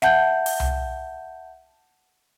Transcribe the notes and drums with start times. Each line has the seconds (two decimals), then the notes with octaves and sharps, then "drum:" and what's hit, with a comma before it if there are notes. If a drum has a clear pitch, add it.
0.02 E5 F#5 A5 G6, drum: snare
0.46 drum: open hi-hat
0.60 drum: tom C2